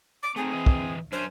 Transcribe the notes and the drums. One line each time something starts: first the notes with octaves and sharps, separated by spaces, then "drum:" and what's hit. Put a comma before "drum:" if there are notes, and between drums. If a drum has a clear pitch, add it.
D6
A3 C4 D#4 G#4
E3 D#5
drum: kick
F#2 C#4 D4 C5